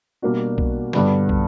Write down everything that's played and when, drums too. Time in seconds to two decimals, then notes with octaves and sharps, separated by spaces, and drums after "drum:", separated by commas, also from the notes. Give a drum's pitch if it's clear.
0.22 B2 G3 A#3 D4 F#4
0.58 drum: kick
0.93 G2 D3 G3 B3, drum: snare
1.29 drum: kick